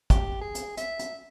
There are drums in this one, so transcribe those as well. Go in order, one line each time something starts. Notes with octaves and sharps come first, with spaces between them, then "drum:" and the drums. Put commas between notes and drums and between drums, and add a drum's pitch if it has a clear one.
G4, drum: kick, hi-hat
G#4
drum: hi-hat
E5, drum: hi-hat
drum: hi-hat